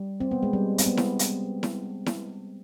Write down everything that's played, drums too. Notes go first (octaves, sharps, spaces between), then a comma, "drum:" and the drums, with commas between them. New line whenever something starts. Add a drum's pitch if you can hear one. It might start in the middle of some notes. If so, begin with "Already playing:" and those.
Already playing: G3
C4
B3
G#3
G3
C4, drum: hi-hat
B3
drum: snare E4
drum: hi-hat
drum: snare E4
drum: snare E4